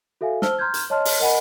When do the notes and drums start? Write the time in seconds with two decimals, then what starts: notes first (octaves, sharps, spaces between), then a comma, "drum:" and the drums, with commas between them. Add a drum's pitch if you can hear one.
0.21 F#4 A4 E5 F5 G#5
0.42 C5 A5 E6 F6 G7, drum: snare
0.59 A#5 C6 F6 G6 G#6
0.74 drum: hi-hat
0.90 C#5 D#5 A5 C6 F6
1.05 drum: open hi-hat
1.20 A#4 D#5 F#5 G#5 B5